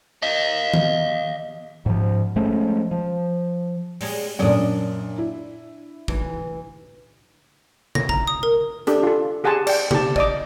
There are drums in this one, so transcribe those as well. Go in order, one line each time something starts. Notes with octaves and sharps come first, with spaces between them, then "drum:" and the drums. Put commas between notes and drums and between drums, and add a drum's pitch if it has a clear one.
D#5 F5
drum: tom D#3
G#2 F3
F3 G#3 A3 C#4
F3
G3 G#3 C#4, drum: open hi-hat
F#2 A#2 D4 C#5 D#5
E4
E3, drum: kick
A#6, drum: tom C3
A#5, drum: kick
D#6
A#4
D4 G4 A4, drum: hi-hat
F4 A4
G4 G#4 F#5 G#5 A5 C6
D5 G5, drum: cymbal
G4 A5, drum: tom C3
D5 D#5 D6, drum: kick